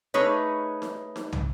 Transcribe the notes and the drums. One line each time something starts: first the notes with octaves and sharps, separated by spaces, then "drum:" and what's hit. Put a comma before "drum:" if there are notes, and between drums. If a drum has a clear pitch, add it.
A3 D#4 G#4 B4 C#5
drum: snare D#4
drum: snare D#4
drum: tom